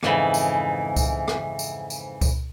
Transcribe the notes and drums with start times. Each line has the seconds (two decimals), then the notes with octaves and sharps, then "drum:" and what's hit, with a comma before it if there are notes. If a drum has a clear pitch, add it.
0.03 F2 G#2 C#3 E3, drum: rim click
0.34 drum: tambourine
0.96 drum: kick C#2, tambourine
1.28 drum: rim click
1.59 drum: tambourine
1.90 drum: tambourine
2.21 drum: kick C#2, tambourine